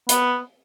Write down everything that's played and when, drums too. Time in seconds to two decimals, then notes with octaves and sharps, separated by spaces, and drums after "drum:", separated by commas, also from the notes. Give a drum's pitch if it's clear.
0.09 B3, drum: hi-hat